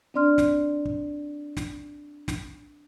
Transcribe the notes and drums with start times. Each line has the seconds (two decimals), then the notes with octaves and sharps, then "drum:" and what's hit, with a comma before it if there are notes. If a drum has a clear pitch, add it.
0.14 C4 D4 D5 C6 F6
0.38 drum: snare
0.85 drum: kick
1.57 drum: snare
2.28 drum: snare